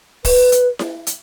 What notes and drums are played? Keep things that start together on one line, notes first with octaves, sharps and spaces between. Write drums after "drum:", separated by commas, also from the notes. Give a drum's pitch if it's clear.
B4, drum: kick, open hi-hat
drum: hi-hat
drum: snare E4
drum: hi-hat